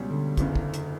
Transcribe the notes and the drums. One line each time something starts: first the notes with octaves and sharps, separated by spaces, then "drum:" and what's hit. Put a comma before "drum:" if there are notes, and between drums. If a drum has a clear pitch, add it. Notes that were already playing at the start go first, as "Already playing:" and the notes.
Already playing: C#2 B2 G3 C#4 G4
D3
F#1 E2 C#3, drum: kick, hi-hat
drum: kick
drum: hi-hat